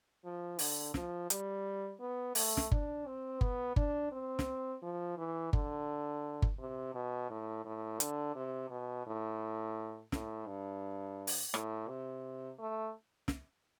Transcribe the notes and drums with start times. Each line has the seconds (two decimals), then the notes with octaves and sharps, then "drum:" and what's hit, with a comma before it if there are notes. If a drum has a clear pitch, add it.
0.24 F3
0.59 D3, drum: open hi-hat
0.94 F3, drum: snare
1.30 G3, drum: hi-hat
2.00 B3
2.35 A3, drum: open hi-hat
2.57 drum: snare
2.71 D4, drum: kick G1
3.07 C4
3.41 B3, drum: kick G1
3.76 D4, drum: kick G1
4.12 C4
4.39 drum: snare
4.82 F3
5.17 E3
5.53 D3, drum: kick G1
6.42 drum: kick G1
6.59 C3
6.94 B2
7.30 A2
7.65 A2
8.00 D3, drum: hi-hat
8.35 C3
8.70 B2
9.07 A2
10.12 A2, drum: snare
10.47 G2
11.27 drum: open hi-hat
11.54 A2, drum: rim click
11.88 C3
12.59 A3
13.28 drum: snare